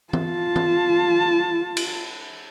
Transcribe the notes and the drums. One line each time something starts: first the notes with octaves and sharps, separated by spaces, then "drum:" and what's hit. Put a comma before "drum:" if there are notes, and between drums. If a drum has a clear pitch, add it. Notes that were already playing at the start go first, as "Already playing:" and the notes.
F4 A5, drum: tom E3
drum: tom E3
drum: cymbal